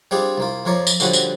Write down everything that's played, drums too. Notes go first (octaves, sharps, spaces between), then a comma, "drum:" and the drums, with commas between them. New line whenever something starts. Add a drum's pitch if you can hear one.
G3 C4 D4 F4 G4 G#4
C2 A#3 F4
F2 F3 A#4 C#5 D5
drum: tambourine
A#2 D3 F3 G3 C#4 F#4, drum: tambourine
drum: tambourine